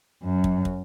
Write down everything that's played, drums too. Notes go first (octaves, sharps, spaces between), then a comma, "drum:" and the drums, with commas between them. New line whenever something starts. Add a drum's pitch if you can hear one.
F#2
drum: kick
drum: kick